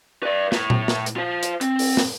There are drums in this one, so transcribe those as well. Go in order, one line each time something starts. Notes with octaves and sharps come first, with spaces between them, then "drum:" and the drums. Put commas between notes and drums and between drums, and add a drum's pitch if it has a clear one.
B4 D5
A3 E4, drum: snare
drum: tom A#2
drum: snare
drum: hi-hat
F4 C5
drum: hi-hat
C4, drum: hi-hat
drum: open hi-hat
drum: snare